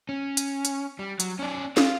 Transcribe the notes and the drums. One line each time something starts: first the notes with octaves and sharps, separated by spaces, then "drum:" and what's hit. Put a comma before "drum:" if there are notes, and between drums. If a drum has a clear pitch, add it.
C#4
drum: hi-hat
drum: hi-hat
G3
F#3, drum: hi-hat
C#4 D5
F4 F5, drum: snare